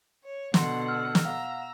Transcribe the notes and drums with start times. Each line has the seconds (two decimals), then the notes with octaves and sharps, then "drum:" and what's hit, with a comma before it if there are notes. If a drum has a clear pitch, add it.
0.24 C#5
0.54 B2 D3 F#5 C6, drum: snare
0.88 E6 F6
1.15 drum: snare
1.25 F5 F#5 A#5 E6